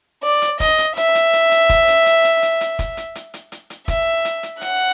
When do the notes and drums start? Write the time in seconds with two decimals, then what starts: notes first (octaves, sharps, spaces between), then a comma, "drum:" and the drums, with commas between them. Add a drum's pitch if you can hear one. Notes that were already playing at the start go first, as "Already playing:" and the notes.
0.24 D5
0.42 drum: hi-hat
0.60 D#5, drum: kick, hi-hat
0.78 drum: hi-hat
0.97 E5, drum: hi-hat
1.15 drum: hi-hat
1.33 drum: hi-hat
1.51 drum: hi-hat
1.69 drum: kick, hi-hat
1.88 drum: hi-hat
2.06 drum: hi-hat
2.24 drum: hi-hat
2.42 drum: hi-hat
2.61 drum: hi-hat
2.79 drum: kick, hi-hat
2.97 drum: hi-hat
3.15 drum: hi-hat
3.34 drum: hi-hat
3.52 drum: hi-hat
3.70 drum: hi-hat
3.88 E5, drum: kick, hi-hat
4.25 drum: hi-hat
4.43 drum: hi-hat
4.61 F#5, drum: hi-hat